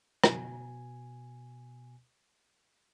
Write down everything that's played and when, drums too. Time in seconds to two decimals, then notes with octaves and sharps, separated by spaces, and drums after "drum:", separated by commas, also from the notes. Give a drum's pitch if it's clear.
0.24 B2 G#5, drum: rim click